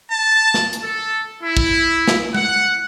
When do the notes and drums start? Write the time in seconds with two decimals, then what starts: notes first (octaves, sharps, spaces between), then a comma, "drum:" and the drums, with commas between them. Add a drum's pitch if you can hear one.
0.11 A5
0.54 drum: snare
0.73 drum: hi-hat
0.83 A4
1.43 E4
1.57 drum: kick
2.07 drum: snare
2.35 F#5, drum: tom G#3